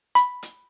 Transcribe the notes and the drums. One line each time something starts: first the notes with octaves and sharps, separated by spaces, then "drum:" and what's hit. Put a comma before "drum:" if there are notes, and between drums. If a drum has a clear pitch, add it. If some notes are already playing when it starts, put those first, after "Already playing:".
B5, drum: hi-hat
drum: hi-hat